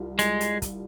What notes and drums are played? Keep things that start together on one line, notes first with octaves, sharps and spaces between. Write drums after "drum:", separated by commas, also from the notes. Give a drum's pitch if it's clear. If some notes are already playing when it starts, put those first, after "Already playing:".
Already playing: C2 F4
G#3, drum: hi-hat
drum: hi-hat
drum: kick, hi-hat